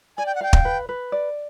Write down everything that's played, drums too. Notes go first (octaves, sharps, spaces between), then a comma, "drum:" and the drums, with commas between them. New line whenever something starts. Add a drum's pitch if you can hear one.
D5 G#5
G5
F#5
F5 G5
drum: kick
B4
B4
D5